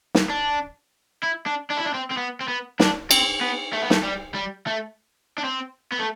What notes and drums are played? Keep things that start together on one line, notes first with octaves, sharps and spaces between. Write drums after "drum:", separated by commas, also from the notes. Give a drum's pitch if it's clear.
drum: snare
D4
E4
D4
D4
E4
D4
C4
C4
B3
C4
B3
D4, drum: snare
C4, drum: cymbal
B3
A3
B3
A3, drum: snare
G3
G3
A3
D4
C4
B3
A3